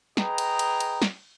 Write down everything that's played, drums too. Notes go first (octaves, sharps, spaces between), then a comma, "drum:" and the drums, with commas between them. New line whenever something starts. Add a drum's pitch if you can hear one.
G#4 B4 D#5 G5 A#5, drum: snare
drum: cymbal
drum: cymbal
drum: cymbal
drum: snare